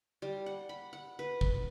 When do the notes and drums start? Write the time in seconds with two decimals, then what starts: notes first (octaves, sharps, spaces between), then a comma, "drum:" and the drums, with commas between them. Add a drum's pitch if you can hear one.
0.22 G3
0.46 F#5
0.69 B5
0.93 F#5
1.19 B4
1.41 drum: kick